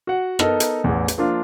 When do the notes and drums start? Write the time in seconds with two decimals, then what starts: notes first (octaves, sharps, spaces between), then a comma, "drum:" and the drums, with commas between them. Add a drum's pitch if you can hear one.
0.07 F#4 F#5
0.39 B3 D#4 A4 A#4, drum: rim click
0.60 drum: hi-hat
0.84 A1 E2
1.08 drum: hi-hat
1.17 F3 A#3 D4 F4